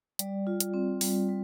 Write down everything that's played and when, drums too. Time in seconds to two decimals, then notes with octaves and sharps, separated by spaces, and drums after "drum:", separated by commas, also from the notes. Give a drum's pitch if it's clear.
0.19 G3 D5, drum: hi-hat
0.47 F4
0.60 drum: hi-hat
0.74 C4
1.01 G3, drum: open hi-hat
1.29 G3